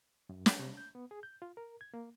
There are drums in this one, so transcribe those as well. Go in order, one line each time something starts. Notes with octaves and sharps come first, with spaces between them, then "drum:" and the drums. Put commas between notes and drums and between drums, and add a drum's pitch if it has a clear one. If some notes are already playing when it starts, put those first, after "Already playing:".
F#2
G5, drum: snare
C3
G6
B3
G#4
G6
F4
A#4
G#6
A#3